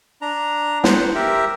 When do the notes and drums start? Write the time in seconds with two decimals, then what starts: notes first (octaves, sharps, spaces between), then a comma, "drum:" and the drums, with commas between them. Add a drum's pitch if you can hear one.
0.22 D4 A#5
0.84 C5 F#5, drum: snare
1.15 G4 A#4 E5